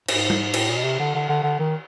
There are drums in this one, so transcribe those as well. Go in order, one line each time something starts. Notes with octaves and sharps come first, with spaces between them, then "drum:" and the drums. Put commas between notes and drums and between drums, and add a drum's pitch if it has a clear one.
G#2, drum: cymbal
drum: tom G3
A2, drum: cymbal
A#2
B2
C3
D3
D3
D3
D3
D#3